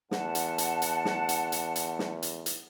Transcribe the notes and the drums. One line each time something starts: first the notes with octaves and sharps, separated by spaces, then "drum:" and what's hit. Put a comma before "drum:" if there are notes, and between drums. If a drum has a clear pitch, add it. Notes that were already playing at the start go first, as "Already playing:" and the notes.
E2 F#5 A5, drum: snare
drum: hi-hat
drum: hi-hat
drum: hi-hat
drum: snare
drum: hi-hat
drum: hi-hat
drum: hi-hat
drum: snare
drum: hi-hat
drum: hi-hat